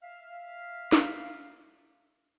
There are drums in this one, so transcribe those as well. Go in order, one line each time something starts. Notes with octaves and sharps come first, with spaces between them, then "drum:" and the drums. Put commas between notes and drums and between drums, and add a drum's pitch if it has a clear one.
E5 F5
drum: snare